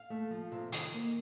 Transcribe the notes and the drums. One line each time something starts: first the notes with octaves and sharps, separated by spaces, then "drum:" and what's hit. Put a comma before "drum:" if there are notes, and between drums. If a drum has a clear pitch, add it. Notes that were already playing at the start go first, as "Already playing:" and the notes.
Already playing: F5
A3
F3
C3
D#3, drum: hi-hat
A#3